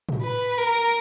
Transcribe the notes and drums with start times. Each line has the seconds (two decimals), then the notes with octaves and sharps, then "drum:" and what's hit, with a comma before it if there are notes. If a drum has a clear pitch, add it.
0.09 drum: tom
0.23 B4
0.58 A#4